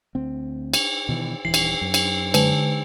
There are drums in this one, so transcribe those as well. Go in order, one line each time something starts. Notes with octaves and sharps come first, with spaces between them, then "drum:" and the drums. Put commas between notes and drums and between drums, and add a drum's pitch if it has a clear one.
D2 C4
drum: cymbal
B2 D#3 E3
D#1 E3 C7
drum: cymbal
F#2
drum: cymbal
D3, drum: cymbal